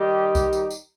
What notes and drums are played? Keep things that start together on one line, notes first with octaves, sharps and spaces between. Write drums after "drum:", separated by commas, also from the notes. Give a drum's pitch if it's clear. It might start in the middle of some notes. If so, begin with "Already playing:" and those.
Already playing: D#3 G3 D#4 G4
drum: kick B1, tambourine
drum: tambourine
drum: tambourine